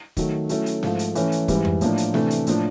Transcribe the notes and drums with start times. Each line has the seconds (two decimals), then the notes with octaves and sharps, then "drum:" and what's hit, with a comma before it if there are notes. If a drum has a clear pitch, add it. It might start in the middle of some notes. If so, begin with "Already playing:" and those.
0.17 D#3 F#3 A3, drum: kick, hi-hat
0.49 F#3 A3 C#4 E4 A4, drum: hi-hat
0.66 drum: hi-hat
0.83 G#2 F3 A3, drum: snare
0.99 drum: hi-hat
1.15 E3 A3 C#4, drum: hi-hat
1.32 drum: hi-hat
1.48 G#2 E3 G3, drum: kick, hi-hat
1.65 drum: tom F2
1.81 A2 F3 A#3 D4, drum: hi-hat
1.98 drum: hi-hat
2.14 C3 E3 A3 D4, drum: snare
2.30 drum: hi-hat
2.47 A2 F3 A#3 D4, drum: hi-hat